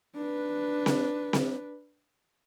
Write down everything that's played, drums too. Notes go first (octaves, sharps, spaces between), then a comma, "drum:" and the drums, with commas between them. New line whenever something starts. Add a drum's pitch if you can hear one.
D4 B4
drum: snare C4
drum: snare C4